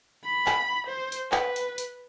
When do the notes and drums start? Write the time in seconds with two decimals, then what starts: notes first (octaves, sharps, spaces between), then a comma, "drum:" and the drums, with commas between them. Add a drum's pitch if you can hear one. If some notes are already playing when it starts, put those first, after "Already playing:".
0.24 B5
0.46 drum: clap
0.87 C5
1.12 drum: hi-hat
1.32 B4, drum: clap
1.56 drum: hi-hat
1.78 drum: hi-hat